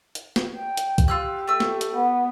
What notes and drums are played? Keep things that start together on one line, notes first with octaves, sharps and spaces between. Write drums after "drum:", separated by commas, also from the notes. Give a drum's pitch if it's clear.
drum: hi-hat
drum: snare
G5
drum: hi-hat
drum: kick, hi-hat
F4 G4 E6 F#6
A3 E6
drum: snare
drum: hi-hat
B3